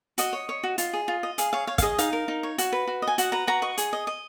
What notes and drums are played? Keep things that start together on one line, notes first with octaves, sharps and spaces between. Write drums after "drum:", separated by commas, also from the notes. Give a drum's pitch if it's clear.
F#4 D#5, drum: hi-hat
C#5
C#5
F#4
F4, drum: hi-hat
G#4
F4
D#5
G#4 F5, drum: hi-hat
C#5 F5
C#5 F5
F5, drum: kick, hi-hat
G#4 D#5
D#4 F5, drum: hi-hat
A#4
D#4
C#5
F#4, drum: hi-hat
B4
F#4
D#5
G#5
F#4 F#5, drum: hi-hat
B4 A#5
F#4 A#5
D#5 C#6
G#4, drum: hi-hat
D#5
D#5